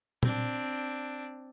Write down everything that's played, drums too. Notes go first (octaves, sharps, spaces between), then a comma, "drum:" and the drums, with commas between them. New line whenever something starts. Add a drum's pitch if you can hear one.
C4 D4, drum: tom